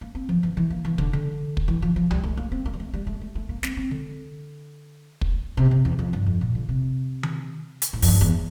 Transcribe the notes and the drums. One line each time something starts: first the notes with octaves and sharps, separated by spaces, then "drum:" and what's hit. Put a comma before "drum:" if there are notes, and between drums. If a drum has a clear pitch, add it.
A#3
C4
F3
E3
E3
A#3
E3
D3, drum: kick
D3
drum: kick
E3
F3
F3
G3, drum: tom C2
A3
A#3
C4
A#3
G3
A3
G3
A3
A3
A3
A#3
C4, drum: snare
C4
D3
drum: kick
C3
C3
E2
F2
G2
F2
A#2
D3
C3
drum: tom D#3
drum: hi-hat
A2
F2, drum: open hi-hat
G2
E2